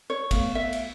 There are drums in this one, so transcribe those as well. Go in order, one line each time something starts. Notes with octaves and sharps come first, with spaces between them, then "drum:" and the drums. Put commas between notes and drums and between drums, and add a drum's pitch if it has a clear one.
C#5
A3 B3 F5, drum: kick, cymbal
E5
drum: cymbal